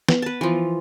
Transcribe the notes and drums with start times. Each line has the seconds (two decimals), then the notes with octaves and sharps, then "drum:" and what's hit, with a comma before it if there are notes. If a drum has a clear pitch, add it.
0.09 B3, drum: snare
0.22 B4 A5
0.41 E3 F3